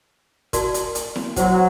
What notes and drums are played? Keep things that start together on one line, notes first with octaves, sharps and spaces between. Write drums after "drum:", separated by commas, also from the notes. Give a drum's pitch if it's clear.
F#4 A#4 D5 A5 C6, drum: kick, hi-hat
drum: hi-hat
drum: hi-hat
drum: snare E4
F#3 F#4 C5 F#5, drum: kick, hi-hat